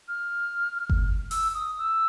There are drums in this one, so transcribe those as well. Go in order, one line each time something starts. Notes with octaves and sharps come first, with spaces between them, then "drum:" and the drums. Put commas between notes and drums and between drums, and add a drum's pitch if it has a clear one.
F6
drum: kick G1
E6, drum: open hi-hat
D#6
E6